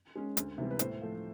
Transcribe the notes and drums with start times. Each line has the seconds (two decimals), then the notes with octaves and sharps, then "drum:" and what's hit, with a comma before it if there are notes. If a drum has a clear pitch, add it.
0.15 G#3 C#4
0.37 D2, drum: hi-hat
0.58 C3 E3 G3 B3
0.71 B4
0.79 A2 C5, drum: hi-hat
1.01 F3 A3